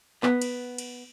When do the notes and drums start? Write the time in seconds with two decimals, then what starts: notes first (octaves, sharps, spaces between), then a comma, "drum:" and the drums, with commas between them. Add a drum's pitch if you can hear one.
0.23 B3, drum: clap
0.42 drum: cymbal
0.78 drum: cymbal